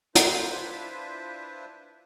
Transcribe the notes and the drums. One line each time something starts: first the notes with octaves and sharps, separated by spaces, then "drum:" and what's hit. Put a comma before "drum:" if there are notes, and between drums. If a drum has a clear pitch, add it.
D4 E4 F4 B4 C5 E5, drum: hi-hat